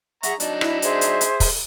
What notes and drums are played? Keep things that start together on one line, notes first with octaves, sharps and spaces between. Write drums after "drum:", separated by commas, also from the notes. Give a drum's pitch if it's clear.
G#4 E5 F#5 A#5 C#6, drum: hi-hat
F#3 D4 D#4 A5, drum: hi-hat
E4, drum: rim click
G#4 C5 E5, drum: hi-hat
drum: hi-hat
drum: hi-hat
drum: kick, open hi-hat